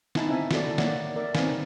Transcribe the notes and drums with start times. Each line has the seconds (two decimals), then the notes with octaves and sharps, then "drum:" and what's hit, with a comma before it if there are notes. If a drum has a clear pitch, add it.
0.15 B3 D#4 E4 G#5 A5, drum: snare
0.29 C4 E5 G#5
0.51 E4 F#4 A4 D5, drum: snare
0.78 A#3 C#5 D5 E5 F#5, drum: snare
1.16 A#4 D5 E5
1.35 C4 D#4 B4 F5 G#5, drum: snare